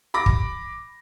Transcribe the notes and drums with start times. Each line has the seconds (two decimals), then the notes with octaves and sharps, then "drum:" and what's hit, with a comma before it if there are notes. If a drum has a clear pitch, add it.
0.14 B5 D6 A#6
0.26 drum: kick